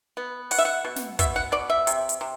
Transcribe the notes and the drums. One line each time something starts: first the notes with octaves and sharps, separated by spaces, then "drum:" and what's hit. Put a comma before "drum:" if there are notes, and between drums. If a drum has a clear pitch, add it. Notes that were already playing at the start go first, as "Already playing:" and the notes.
B3
B2 F#5, drum: open hi-hat
E5
F#5
B2
drum: snare
B2 E5, drum: kick, hi-hat
F#5
B2 D5
E5
C3, drum: hi-hat
drum: hi-hat
C3